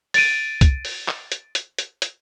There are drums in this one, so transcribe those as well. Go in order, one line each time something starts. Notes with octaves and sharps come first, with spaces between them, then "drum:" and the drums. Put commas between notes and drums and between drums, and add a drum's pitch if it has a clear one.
A6 D7 D#7, drum: open hi-hat
drum: kick, hi-hat
drum: open hi-hat
drum: clap
drum: hi-hat
drum: hi-hat
drum: hi-hat
drum: hi-hat